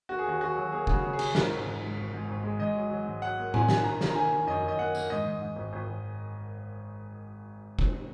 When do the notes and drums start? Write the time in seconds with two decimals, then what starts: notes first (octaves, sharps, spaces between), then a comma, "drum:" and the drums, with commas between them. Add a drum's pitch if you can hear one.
0.09 A#3 F#4
0.19 G#4
0.25 D#2 F#4
0.41 D#2 F#4
0.56 F#3
0.72 A#3 G#4
0.87 C#3, drum: kick F1
0.93 F#4
1.04 C#3
1.13 G#4
1.19 F#3, drum: cymbal
1.35 G#2 A#4, drum: snare
1.50 G#1
1.66 G#1
1.81 G#2
1.97 G#1
2.13 G#2
2.28 G#1
2.43 G#3
2.59 G#2 D#5
2.75 F#3
2.90 F#3
3.06 G#2
3.22 F#3 F#5
3.38 A#3
3.54 A#3 G#5, drum: tom A2
3.68 A#3, drum: snare
3.84 D#3 A#5
4.01 A#3, drum: snare
4.10 A#5
4.16 D#3 G#5
4.32 D#3
4.47 F#2 D#5
4.62 F#2
4.68 D#5
4.78 A#3 F#5
4.95 A#3, drum: tambourine
5.10 G#2 D#5
5.25 G#2
5.42 G#2
5.56 G#1
5.73 G#1
5.87 G#1
7.79 drum: kick F1